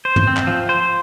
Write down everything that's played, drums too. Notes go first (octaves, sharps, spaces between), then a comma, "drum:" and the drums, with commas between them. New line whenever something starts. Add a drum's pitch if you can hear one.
C5
drum: tom
C4
drum: clap
F3
C5